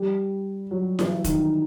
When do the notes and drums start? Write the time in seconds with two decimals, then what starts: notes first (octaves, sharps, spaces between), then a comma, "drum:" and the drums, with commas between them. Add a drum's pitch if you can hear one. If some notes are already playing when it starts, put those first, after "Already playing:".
Already playing: G3
0.71 F#3
0.99 E3, drum: snare E4
1.24 D#3, drum: kick, hi-hat